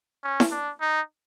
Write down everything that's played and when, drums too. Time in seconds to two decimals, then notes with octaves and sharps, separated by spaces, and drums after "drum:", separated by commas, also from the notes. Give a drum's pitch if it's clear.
0.24 C#4
0.40 drum: snare E4
0.52 D4
0.81 D#4